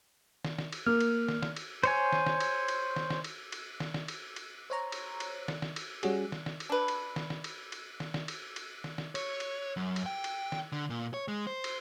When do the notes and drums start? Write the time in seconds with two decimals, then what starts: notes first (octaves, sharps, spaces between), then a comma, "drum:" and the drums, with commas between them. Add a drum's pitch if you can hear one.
0.45 drum: snare
0.59 drum: snare
0.73 drum: cymbal
0.87 A#3 F6
1.01 drum: cymbal
1.28 drum: snare
1.42 drum: snare
1.56 drum: cymbal
1.83 C5 C#5 G#5, drum: cymbal
2.12 drum: snare
2.26 drum: snare
2.40 drum: cymbal
2.68 drum: cymbal
2.96 drum: snare
3.10 drum: snare
3.24 drum: cymbal
3.52 drum: cymbal
3.80 drum: snare
3.94 drum: snare
4.08 drum: cymbal
4.36 drum: cymbal
4.70 C5 C#5 A#5
4.92 drum: cymbal
5.20 drum: cymbal
5.48 drum: snare
5.62 drum: snare
5.76 drum: cymbal
6.03 G3 C#4 F#4 G#4, drum: cymbal
6.32 drum: snare
6.46 drum: snare
6.60 drum: cymbal
6.69 D4 B4
6.88 drum: cymbal
7.16 drum: snare
7.30 drum: snare
7.44 drum: cymbal
7.72 drum: cymbal
8.00 drum: snare
8.14 drum: snare
8.28 drum: cymbal
8.56 drum: cymbal
8.84 drum: snare
8.98 drum: snare
9.15 C#5, drum: cymbal
9.40 drum: cymbal
9.77 F#2
9.96 drum: cymbal
10.06 G5
10.24 drum: cymbal
10.52 drum: snare
10.72 D3
10.90 A#2
11.14 C#5
11.28 G#3
11.47 C5
11.64 drum: cymbal